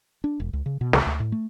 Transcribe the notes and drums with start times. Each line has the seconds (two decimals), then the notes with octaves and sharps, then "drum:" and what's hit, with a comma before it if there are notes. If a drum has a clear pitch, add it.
0.24 D4
0.40 E1
0.53 C#2
0.66 C#3
0.81 B2
0.93 C#2, drum: snare
1.06 D2
1.20 A2
1.32 A3